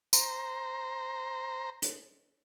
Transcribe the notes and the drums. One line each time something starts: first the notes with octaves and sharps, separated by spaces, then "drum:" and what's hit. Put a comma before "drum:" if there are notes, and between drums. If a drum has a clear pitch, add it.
C5 A#5, drum: tambourine
drum: hi-hat